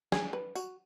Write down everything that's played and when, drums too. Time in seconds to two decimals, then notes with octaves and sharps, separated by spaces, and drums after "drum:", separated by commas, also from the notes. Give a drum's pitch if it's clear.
0.12 G#4, drum: snare
0.33 B4
0.55 F#4, drum: tambourine